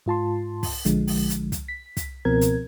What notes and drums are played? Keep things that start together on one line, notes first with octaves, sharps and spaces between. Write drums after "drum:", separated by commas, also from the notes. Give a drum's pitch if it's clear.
G#2 F4 A5 C6
drum: kick, open hi-hat
A#1 D3 F3 G#3, drum: hi-hat
drum: open hi-hat
drum: hi-hat
drum: kick, hi-hat
B6
drum: kick, hi-hat
C#2 B2 F3 C4 A#4 G#6
drum: hi-hat